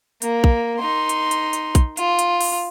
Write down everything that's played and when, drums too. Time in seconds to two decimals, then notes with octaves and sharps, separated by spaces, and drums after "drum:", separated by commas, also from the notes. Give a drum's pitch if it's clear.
0.22 A#3, drum: hi-hat
0.44 drum: kick
0.79 D#4 C6
1.09 drum: hi-hat
1.31 drum: hi-hat
1.53 drum: hi-hat
1.75 drum: kick, hi-hat
1.97 F4, drum: hi-hat
2.19 drum: hi-hat
2.41 drum: open hi-hat